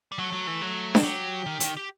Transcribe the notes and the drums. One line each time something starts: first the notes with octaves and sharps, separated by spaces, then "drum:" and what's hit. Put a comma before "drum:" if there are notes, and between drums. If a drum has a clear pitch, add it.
G3
F#3 A3
F#3
E3
F#3
A4, drum: snare D4
F#3 G4
D#3
D#3, drum: hi-hat
G4